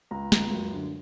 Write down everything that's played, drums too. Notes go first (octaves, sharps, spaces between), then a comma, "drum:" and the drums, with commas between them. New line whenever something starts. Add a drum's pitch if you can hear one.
C#2 A#5
C#2, drum: snare
F#2
D3